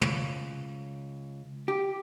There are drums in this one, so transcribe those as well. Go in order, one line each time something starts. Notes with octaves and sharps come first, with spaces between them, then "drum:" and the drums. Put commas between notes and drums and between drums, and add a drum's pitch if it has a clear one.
C#2, drum: tom
G4